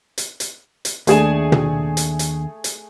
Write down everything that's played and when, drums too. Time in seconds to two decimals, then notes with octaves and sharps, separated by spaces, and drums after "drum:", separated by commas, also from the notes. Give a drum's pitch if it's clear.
0.18 drum: hi-hat
0.40 drum: hi-hat
0.85 drum: hi-hat
1.07 D#2 A3 D4 G#4 G#5, drum: hi-hat
1.52 drum: tom
1.97 drum: hi-hat
2.19 drum: hi-hat
2.64 drum: hi-hat